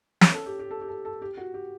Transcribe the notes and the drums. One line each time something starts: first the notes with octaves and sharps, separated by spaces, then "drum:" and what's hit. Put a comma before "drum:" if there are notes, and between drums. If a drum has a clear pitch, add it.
C#4, drum: snare
A4
G4
G4
A4
G4
A4
A4
G4
F#4
G4